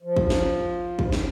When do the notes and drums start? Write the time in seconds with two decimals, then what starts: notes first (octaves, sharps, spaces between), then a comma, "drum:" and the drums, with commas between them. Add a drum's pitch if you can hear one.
0.03 F3
0.16 drum: kick
0.30 drum: snare
0.99 drum: kick
1.12 drum: snare